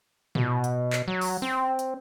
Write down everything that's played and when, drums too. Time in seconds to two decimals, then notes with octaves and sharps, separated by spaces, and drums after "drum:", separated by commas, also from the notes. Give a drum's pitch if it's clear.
0.35 B2, drum: tom A2
0.64 drum: hi-hat
0.93 drum: clap
1.08 F#3
1.21 drum: open hi-hat
1.42 C4
1.79 drum: hi-hat